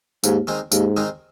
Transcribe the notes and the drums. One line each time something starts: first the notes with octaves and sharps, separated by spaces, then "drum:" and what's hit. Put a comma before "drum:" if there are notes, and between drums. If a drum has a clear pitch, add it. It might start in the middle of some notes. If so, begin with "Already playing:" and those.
D#2 G#2, drum: tambourine
D#3 G#3 C4 D#4
D#2 G#2, drum: tambourine
D#3 G#3 C4 D#4